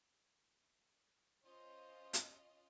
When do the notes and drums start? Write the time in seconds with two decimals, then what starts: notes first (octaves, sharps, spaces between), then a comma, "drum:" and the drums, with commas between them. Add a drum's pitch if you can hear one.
1.44 C#4 F4 C5 D#5
2.13 drum: hi-hat